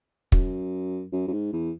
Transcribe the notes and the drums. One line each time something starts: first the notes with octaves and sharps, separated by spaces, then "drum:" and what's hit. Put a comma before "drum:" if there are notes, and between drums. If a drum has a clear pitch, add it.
F#2, drum: kick
F#2
F#2
G#2
E2